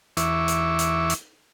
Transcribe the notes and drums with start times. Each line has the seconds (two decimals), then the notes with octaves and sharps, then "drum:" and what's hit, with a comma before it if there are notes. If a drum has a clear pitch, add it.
0.17 E2 E3 E5 C#6 D6, drum: hi-hat
0.48 drum: hi-hat
0.79 drum: hi-hat
1.10 drum: hi-hat